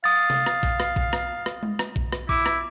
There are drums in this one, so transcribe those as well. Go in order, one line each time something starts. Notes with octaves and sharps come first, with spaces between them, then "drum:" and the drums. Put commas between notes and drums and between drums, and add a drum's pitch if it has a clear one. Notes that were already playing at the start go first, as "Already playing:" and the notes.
F5 D#6 A6
drum: tom C3
drum: rim click
drum: kick
drum: rim click
drum: kick
drum: rim click
drum: rim click
drum: tom G#3
drum: rim click
drum: kick
drum: rim click
E4 D6, drum: kick
drum: rim click